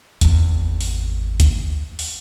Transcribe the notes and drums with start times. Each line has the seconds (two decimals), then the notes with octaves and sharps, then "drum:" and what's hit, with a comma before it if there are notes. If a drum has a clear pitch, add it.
0.21 G#1 E2, drum: kick D2, hi-hat
0.81 drum: open hi-hat
1.40 drum: kick D2, hi-hat
1.99 drum: open hi-hat